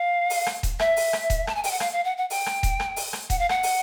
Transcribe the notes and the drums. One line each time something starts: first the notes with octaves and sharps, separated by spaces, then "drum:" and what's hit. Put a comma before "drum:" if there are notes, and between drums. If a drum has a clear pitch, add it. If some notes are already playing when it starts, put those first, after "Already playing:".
Already playing: F5
drum: open hi-hat
drum: rim click
drum: kick D#1, hi-hat
E5, drum: rim click
drum: open hi-hat
drum: rim click
drum: kick D#1, hi-hat
A5, drum: rim click
G#5
G5, drum: open hi-hat
F#5
F5, drum: rim click
F5
F#5
F#5
G5, drum: open hi-hat
drum: rim click
drum: kick D#1, hi-hat
drum: rim click
drum: open hi-hat
drum: rim click
F#5, drum: kick D#1, hi-hat
F5
F#5, drum: rim click
drum: open hi-hat